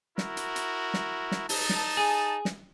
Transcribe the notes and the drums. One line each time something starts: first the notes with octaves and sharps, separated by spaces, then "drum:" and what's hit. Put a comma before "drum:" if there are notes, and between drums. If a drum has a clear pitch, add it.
E4 F#4 A#4, drum: snare
drum: hi-hat
drum: hi-hat
drum: snare
drum: snare
D#4 A5, drum: open hi-hat
drum: snare
G#4
drum: snare